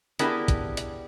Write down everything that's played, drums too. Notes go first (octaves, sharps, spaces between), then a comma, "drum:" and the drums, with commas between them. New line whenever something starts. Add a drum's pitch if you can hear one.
B3 D4 E4 G4 G#4 A#4, drum: hi-hat
drum: kick, hi-hat
drum: hi-hat